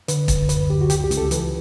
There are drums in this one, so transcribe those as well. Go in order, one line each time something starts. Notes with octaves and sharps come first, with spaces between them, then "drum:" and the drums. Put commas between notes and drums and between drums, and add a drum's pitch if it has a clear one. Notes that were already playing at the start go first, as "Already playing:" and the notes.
D3 B4, drum: hi-hat
F#2, drum: kick, hi-hat
D2 B4, drum: hi-hat
D2 G4
F#4
C#2 G4, drum: hi-hat
G4
C#2, drum: hi-hat
A4
E3 B4, drum: hi-hat